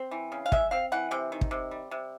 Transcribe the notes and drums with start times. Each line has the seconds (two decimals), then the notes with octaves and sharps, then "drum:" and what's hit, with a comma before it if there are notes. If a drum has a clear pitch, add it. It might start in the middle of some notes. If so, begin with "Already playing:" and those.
Already playing: C4
0.11 E3
0.32 C#3
0.46 F5
0.52 G#3 E5, drum: kick
0.71 C4 F5
0.92 E3 F#5
1.11 C3 G5
1.32 D#3
1.41 drum: kick
1.51 C3
1.71 G3
1.91 C3